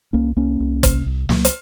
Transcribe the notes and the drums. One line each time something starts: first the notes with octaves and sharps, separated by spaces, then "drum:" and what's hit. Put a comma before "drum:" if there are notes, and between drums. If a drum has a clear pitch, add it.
C2 A#3 C#4
C2 A#3 C#4
C2
C3, drum: kick, hi-hat
C2
C#2 F#3 A#3, drum: snare
drum: hi-hat